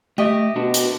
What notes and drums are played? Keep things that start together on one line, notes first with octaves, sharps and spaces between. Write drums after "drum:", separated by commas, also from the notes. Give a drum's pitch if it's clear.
A3 G4 D#5 E5 A#6
B2 D4 F#4
drum: hi-hat